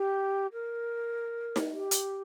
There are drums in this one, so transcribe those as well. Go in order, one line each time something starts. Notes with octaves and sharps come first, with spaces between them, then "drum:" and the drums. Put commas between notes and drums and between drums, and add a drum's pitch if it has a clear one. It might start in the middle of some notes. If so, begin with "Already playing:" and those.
Already playing: G4
A#4
drum: snare D#4
G4
drum: hi-hat